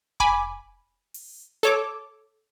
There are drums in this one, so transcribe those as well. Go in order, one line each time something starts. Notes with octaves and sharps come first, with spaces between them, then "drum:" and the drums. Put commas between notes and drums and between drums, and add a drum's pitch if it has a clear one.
G#5 B5 D6, drum: kick F1
drum: open hi-hat
A4 C#5 D6, drum: snare